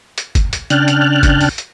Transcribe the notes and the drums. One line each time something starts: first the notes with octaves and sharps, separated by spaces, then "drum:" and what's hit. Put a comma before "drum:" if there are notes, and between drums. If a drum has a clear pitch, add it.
drum: hi-hat
drum: kick, hi-hat
drum: hi-hat
C#3 D4 G5 A5 F6 F#6, drum: hi-hat
drum: hi-hat
drum: kick, hi-hat
drum: open hi-hat
drum: hi-hat